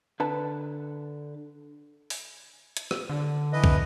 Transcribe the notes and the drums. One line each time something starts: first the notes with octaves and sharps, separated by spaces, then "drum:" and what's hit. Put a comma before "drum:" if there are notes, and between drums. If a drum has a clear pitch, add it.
D3 B4 A5
drum: open hi-hat
drum: hi-hat
drum: rim click
D3
E3 B4 D#5
drum: kick